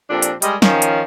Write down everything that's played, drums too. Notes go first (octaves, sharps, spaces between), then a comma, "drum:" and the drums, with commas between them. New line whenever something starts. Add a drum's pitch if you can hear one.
A#2 F3 C4 D4 G4 A4
drum: hi-hat
G3 G#3 G4 A#4 D#5, drum: hi-hat
D#3 F3 C#4, drum: snare
drum: hi-hat